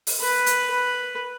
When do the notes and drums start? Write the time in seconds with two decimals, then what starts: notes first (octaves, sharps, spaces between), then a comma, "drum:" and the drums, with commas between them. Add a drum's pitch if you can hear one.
0.07 drum: open hi-hat
0.20 B4
0.46 drum: hi-hat
0.70 B4